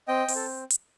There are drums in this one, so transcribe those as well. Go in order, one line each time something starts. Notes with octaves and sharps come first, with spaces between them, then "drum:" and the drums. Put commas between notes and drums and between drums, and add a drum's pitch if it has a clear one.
C4 D#5 G5
C4, drum: open hi-hat
A4
drum: hi-hat